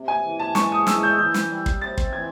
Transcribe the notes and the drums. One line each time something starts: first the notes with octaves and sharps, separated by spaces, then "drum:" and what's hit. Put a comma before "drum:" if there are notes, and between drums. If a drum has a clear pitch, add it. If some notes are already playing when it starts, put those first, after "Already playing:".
Already playing: C3
G#5
E3
A5
G#3 C#6, drum: snare
D#6
E3 E6, drum: snare
G6
E3 G6
drum: snare
G3
drum: kick
C4 A6
drum: kick
E3 G#6